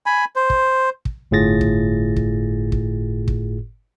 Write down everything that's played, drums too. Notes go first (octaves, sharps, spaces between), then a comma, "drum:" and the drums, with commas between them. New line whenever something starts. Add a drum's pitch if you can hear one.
G#5 B5
C5
drum: kick
drum: kick
G1 A2 F4 G#4 A6 A#6
drum: kick
drum: kick
drum: kick
drum: kick